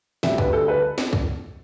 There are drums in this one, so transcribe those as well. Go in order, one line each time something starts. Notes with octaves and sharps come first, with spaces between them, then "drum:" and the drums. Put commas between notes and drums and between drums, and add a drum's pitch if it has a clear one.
D2 D3 G3 E5, drum: snare
B4, drum: kick
A4
B4
drum: snare
drum: kick